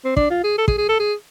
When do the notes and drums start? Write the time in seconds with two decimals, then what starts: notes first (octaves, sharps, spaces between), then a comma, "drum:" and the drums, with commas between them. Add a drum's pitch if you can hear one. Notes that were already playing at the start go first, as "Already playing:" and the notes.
0.05 C4
0.17 D4, drum: kick
0.30 F4
0.44 G#4
0.58 A4
0.68 G#4, drum: kick
0.78 G#4
0.89 A4
0.99 G#4